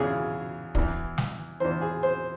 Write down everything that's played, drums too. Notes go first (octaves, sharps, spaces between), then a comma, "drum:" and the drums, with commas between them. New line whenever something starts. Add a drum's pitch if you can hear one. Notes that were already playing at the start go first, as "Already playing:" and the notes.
Already playing: E2 C#3 E3 G#4
E2 E3, drum: kick
drum: snare
E2 E3 C5
G#4
C5